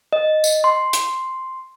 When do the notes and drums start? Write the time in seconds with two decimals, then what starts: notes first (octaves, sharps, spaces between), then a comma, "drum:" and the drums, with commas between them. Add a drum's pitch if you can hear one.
0.13 D#5
0.44 drum: tambourine
0.64 C6
0.93 drum: hi-hat